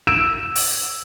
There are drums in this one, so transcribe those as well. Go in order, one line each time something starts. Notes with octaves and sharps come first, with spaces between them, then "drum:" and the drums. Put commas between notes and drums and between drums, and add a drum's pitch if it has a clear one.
E6 D7 E7
drum: open hi-hat